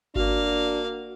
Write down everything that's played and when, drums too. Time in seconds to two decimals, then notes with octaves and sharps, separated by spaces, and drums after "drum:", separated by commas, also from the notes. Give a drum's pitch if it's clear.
0.16 A#3 D4 F#4 F5, drum: kick G1